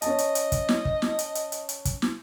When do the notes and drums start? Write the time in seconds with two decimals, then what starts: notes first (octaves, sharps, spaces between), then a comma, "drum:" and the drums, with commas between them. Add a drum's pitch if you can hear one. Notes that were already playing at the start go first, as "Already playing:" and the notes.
0.02 C#4 D#5 A5, drum: hi-hat
0.18 drum: hi-hat
0.35 drum: hi-hat
0.52 drum: kick, hi-hat
0.69 drum: snare
0.85 drum: kick
1.02 drum: snare
1.19 drum: hi-hat
1.35 drum: hi-hat
1.52 drum: hi-hat
1.69 drum: hi-hat
1.85 drum: kick, hi-hat
2.02 drum: snare